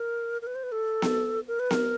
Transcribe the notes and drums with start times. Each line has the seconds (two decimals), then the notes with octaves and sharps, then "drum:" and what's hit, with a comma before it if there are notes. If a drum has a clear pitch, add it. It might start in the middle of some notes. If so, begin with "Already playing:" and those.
Already playing: A#4
0.42 A#4
0.47 B4
0.55 C5
0.63 B4
0.72 A4
1.02 drum: snare B3
1.48 A#4
1.59 B4
1.71 A#4, drum: snare B3